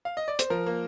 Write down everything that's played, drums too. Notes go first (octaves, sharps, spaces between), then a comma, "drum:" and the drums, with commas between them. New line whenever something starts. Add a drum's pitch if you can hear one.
F5
D#5
D5
C5, drum: hi-hat
F3 A#4
A#3